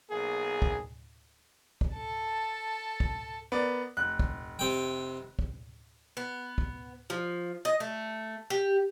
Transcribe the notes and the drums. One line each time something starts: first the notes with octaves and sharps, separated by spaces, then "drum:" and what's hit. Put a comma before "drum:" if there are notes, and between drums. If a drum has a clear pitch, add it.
B1 A#3 G#4
drum: kick
drum: kick
A4 A5
drum: kick
B3 A#4 D5
F1 F#6
drum: kick
C3 G5
drum: kick
B3
drum: kick
F3
D#5
A3
G4